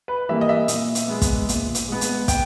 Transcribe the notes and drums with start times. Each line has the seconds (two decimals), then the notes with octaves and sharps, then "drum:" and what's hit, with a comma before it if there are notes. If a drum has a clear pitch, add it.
0.08 B4
0.29 E3 G3 A#3 E5
0.41 D#5
0.49 E5
0.68 A#2, drum: hi-hat
0.95 drum: hi-hat
1.08 G#3 B3
1.22 drum: kick, hi-hat
1.49 A#2, drum: hi-hat
1.75 drum: hi-hat
1.88 G#3 B3
2.01 drum: hi-hat
2.28 G5, drum: kick, hi-hat